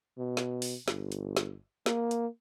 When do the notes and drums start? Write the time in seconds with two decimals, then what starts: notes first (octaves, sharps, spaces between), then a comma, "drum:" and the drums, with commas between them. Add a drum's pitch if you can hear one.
0.18 B2
0.37 drum: snare
0.62 drum: open hi-hat
0.88 G1, drum: snare
1.12 drum: hi-hat
1.37 drum: snare
1.86 A#3, drum: snare
2.11 drum: hi-hat